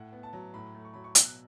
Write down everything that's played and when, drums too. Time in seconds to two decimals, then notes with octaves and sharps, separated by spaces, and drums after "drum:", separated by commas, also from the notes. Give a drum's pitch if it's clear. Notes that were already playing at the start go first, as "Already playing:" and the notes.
Already playing: A2 F#5
0.12 B3
0.23 A5
0.33 F#3
0.54 A2 B5
0.75 A3
0.85 C#6
0.94 F#3 B5
1.04 C#6
1.15 B2 E6, drum: hi-hat
1.25 F#6